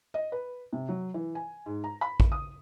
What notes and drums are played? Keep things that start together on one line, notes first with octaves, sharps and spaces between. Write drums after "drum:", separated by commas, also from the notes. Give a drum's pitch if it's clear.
D#5
B4
C3
F#3
E3
G#5
G#2
A#5
B5
drum: kick A1
D#6